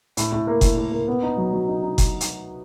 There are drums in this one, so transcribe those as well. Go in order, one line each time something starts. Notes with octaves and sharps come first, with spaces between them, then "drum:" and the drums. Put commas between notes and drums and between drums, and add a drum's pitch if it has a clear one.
A2, drum: hi-hat
A2
A#3
A2, drum: kick F#1, hi-hat
A2
A#3
B3
D#4
F#3
F#3
D#4
D#4
drum: kick F#1, hi-hat
drum: hi-hat